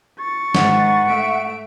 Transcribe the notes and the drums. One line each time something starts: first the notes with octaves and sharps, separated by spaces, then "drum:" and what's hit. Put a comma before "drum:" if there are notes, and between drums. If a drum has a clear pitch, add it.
C#6 A6
G#2 D#3 F#5, drum: snare
A3 E5 D7